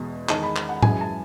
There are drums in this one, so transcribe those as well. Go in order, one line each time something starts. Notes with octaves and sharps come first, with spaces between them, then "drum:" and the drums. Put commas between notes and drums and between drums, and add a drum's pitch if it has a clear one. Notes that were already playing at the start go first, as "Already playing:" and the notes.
Already playing: E2 B2 G#3
E2 D#3 G#3 A5, drum: clap
B5
drum: clap
F#5
F#2 E3 G#3 G#5, drum: tom A2
A5